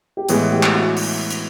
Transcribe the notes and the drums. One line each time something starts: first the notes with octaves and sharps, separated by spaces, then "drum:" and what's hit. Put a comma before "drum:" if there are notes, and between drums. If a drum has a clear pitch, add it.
G4
A2 E3 G#3 B3 G#4, drum: hi-hat
G4
drum: clap
F#4
drum: open hi-hat
drum: hi-hat